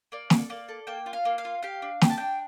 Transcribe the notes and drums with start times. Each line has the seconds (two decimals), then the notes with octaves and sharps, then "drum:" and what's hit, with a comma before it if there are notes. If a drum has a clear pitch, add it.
0.12 A#3 D5
0.30 A4, drum: snare
0.50 A#3 D5
0.68 A4
0.87 A#3 G5
1.06 F4
1.13 F5
1.25 A#3
1.38 F5
1.45 F4
1.63 G4 F5
1.82 D4
2.01 G4 G5, drum: snare
2.10 A5
2.18 D4 G5